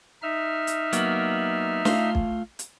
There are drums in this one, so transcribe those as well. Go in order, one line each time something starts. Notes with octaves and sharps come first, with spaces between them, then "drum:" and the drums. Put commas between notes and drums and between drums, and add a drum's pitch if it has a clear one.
D#4 E5 F6
drum: hi-hat
F#3 A#3 B3, drum: hi-hat
A3 F4 F5, drum: snare
drum: kick
drum: hi-hat